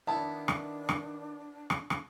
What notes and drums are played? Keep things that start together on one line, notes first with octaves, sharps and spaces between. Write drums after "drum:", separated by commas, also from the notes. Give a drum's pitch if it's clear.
D#3 B3 D4 E4 A5
drum: rim click
drum: rim click
drum: rim click
drum: rim click